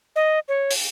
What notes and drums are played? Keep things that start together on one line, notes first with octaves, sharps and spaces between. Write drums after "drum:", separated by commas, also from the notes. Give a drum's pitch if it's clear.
D#5
C#5
drum: open hi-hat